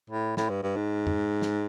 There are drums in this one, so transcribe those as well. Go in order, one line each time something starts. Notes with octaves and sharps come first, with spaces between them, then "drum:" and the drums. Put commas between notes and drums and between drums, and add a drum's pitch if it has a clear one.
A2
A2, drum: snare
G2
G2
G#2
drum: tom
drum: snare